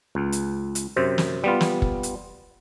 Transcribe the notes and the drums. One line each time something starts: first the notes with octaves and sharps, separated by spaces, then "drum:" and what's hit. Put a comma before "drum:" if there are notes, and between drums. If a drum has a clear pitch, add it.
C#2
drum: hi-hat
drum: hi-hat
F#2 C3 C5
drum: snare
G3 B3 F4
drum: snare
drum: kick F#1
drum: hi-hat